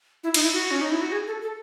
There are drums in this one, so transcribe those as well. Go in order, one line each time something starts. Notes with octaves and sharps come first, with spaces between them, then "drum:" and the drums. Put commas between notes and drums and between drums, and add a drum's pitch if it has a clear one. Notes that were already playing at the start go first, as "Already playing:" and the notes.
E4
D#4, drum: cymbal
E4
F#4
C#4
D#4
E4
F#4
G#4
A4
A4